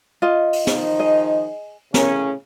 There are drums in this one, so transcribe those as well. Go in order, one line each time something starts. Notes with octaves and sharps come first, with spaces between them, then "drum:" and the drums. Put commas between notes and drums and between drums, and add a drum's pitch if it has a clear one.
F4 D#5
drum: open hi-hat
D#3 F3 D#4, drum: snare
G#4 D#5
A2 C#3 C#4 A#4, drum: snare